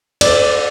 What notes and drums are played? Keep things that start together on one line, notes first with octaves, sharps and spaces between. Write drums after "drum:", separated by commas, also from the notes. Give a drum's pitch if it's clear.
D5, drum: cymbal